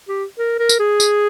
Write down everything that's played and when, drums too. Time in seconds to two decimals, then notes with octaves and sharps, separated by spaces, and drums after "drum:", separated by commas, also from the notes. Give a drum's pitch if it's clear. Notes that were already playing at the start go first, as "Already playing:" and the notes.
0.08 G4
0.38 A#4
0.59 A#4
0.69 drum: tambourine
0.79 G#4
1.00 drum: tambourine